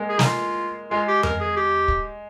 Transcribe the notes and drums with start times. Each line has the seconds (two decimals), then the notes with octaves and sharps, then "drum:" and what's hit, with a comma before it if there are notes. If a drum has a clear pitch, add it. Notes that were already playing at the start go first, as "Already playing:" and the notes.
Already playing: G#3 A#3
0.09 G#4
0.19 D#4, drum: snare
0.26 F4
0.91 G#3 F4
1.08 G4
1.23 A#4, drum: tom F2
1.40 G#4
1.56 G4
1.88 drum: kick